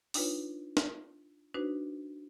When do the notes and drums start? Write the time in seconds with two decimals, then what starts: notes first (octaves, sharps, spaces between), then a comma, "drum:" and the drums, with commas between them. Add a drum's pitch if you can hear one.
0.14 D4 D#4 F4 B4 C#5, drum: open hi-hat
0.77 drum: snare
1.54 D4 D#4 F#4 B4 C5